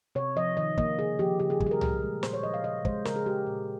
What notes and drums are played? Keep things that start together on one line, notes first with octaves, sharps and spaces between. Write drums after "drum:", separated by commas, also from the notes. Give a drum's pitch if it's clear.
C3 C#5
F3 D#5
D#3 D#5
A#3 D#5, drum: kick
C#3 G#4
F3 G4
C#3 G4
G#4
G3 G4, drum: kick
G#4
A#4
A#2, drum: tom C2
G#3
A#2 C5, drum: snare
C#5
F3 D#5
F5
C#3 D#5
G#3 C5, drum: kick
C#3 A#4, drum: snare
G#4
G#3 G4
A#2